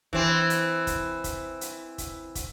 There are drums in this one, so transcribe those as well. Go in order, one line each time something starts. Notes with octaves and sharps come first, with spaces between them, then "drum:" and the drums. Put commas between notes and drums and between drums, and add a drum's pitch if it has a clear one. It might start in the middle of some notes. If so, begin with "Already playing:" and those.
E3 C4, drum: kick
drum: hi-hat
drum: kick, hi-hat
drum: kick, hi-hat
drum: hi-hat
drum: kick, hi-hat
drum: kick, hi-hat